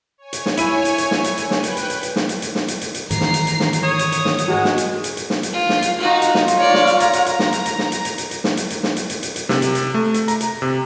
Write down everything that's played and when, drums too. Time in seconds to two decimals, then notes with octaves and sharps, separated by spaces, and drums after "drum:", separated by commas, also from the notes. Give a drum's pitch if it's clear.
0.18 C#5 G#5
0.33 drum: hi-hat
0.46 drum: snare
0.57 E4 D#7, drum: hi-hat
0.85 drum: hi-hat
0.98 drum: hi-hat
1.11 drum: snare
1.24 drum: hi-hat
1.37 drum: hi-hat
1.51 B4 G5 F#6, drum: snare
1.64 drum: hi-hat
1.77 drum: hi-hat
1.90 drum: hi-hat
2.03 drum: hi-hat
2.16 drum: snare
2.29 drum: hi-hat
2.42 drum: hi-hat
2.55 drum: snare
2.68 drum: hi-hat
2.81 drum: hi-hat
2.94 drum: hi-hat
3.10 G#2 D#3 E3 A#5 C7, drum: hi-hat
3.21 drum: snare
3.34 drum: hi-hat
3.47 drum: hi-hat
3.60 drum: snare
3.73 drum: hi-hat
3.83 C#5 D#6
3.99 drum: hi-hat
4.12 drum: hi-hat
4.25 drum: snare
4.38 drum: hi-hat
4.48 G#3 F#4
4.65 drum: snare
4.78 drum: hi-hat
5.04 drum: hi-hat
5.17 drum: hi-hat
5.30 drum: snare
5.43 drum: hi-hat
5.53 F4
5.69 drum: snare
5.82 drum: hi-hat
6.00 D#4 F4 F#4
6.22 drum: hi-hat
6.35 drum: snare
6.48 drum: hi-hat
6.58 C#5 D5
6.74 drum: snare
6.87 drum: hi-hat
7.00 A#5, drum: hi-hat
7.13 drum: hi-hat
7.26 drum: hi-hat
7.39 drum: snare
7.52 drum: hi-hat
7.66 drum: hi-hat
7.79 drum: snare
7.92 drum: hi-hat
8.05 drum: hi-hat
8.18 drum: hi-hat
8.31 drum: hi-hat
8.44 drum: snare
8.57 drum: hi-hat
8.70 drum: hi-hat
8.83 drum: snare
8.96 drum: hi-hat
9.10 drum: hi-hat
9.23 drum: hi-hat
9.36 drum: hi-hat
9.49 C3, drum: snare
9.62 drum: hi-hat
9.75 drum: hi-hat
9.94 A3
10.14 drum: hi-hat
10.28 A#5, drum: hi-hat
10.40 drum: hi-hat
10.62 C3